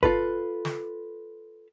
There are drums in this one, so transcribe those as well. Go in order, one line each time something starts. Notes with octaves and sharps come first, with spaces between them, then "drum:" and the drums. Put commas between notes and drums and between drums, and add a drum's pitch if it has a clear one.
F4 A4 B4, drum: kick
drum: snare